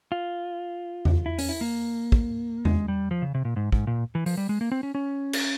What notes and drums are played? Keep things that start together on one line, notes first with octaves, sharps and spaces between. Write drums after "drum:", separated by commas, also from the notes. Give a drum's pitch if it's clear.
F4
drum: tom E2
E4
C#4, drum: open hi-hat
E4
A#3
drum: kick
G#3, drum: tom E2
G3
F3
C#3
C3
A#2
G#2
G#2, drum: kick
A#2
E3
F3, drum: open hi-hat
G3
G#3
A#3
C4
C#4
C#4
drum: cymbal